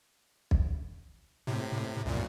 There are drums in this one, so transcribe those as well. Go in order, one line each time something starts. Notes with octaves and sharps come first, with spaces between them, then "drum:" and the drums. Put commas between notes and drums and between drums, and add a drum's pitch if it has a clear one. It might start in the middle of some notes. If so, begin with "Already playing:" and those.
drum: kick
A2 C3
C2 F#2 A#2